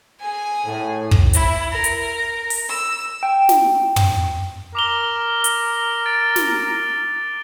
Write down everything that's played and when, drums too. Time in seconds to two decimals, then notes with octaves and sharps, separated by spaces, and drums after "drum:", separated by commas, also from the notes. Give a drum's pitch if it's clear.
0.20 G#4 G#5
0.65 A2
1.11 drum: kick
1.33 E4, drum: hi-hat
1.71 A#4
1.84 drum: hi-hat
2.50 drum: open hi-hat
2.68 E6
3.23 G5
3.49 drum: snare
3.96 drum: tom
4.75 A#4 D6 F7 G7
5.44 drum: hi-hat
6.06 A6 D7
6.36 drum: snare